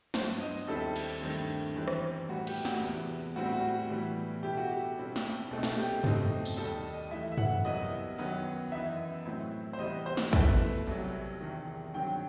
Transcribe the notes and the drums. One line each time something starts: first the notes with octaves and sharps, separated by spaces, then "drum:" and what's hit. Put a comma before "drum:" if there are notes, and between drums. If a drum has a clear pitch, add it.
G2 F#3 B3 C5, drum: snare
D#5, drum: hi-hat
D#2 D#3 G3 C4 E4 A4
drum: cymbal
G2 D#3 A3 C4
F#2 E3 G3 C4
drum: rim click
A2 G3 B3 F#4
G4, drum: cymbal
F#4, drum: snare
E2 C3 E3 B3
A2 G3 C4 F#4
F#4
A2 E3 G3 B3
B2 A3 E4 G4
F#4
G4
B2 G3 C4 E4
drum: snare
C2 B2 A3 C4 D#4
drum: snare
G4
B2 A3 C4 D#4, drum: tom
drum: tambourine
D#2 D#3 G3 D#4 A4
D#5
F#2 E3 A3 E4 E5
E5
F#5, drum: tom
C2 C3 F#3 B3 E4 D#5
F#2 D#3 F#3 B3, drum: hi-hat
F#2 E3 B3 D#4 E5
A2 F#3 C4 E4
C5
C3 E3 G3 B3 D#5
C5
drum: snare
B2 A3 E4 B4, drum: kick
C2 C3 F#3, drum: hi-hat
E2 C3 D#3
G2 D#3 F#3 C4 G5